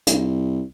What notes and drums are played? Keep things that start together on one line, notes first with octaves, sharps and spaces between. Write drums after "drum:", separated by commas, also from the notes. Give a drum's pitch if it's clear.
C2, drum: hi-hat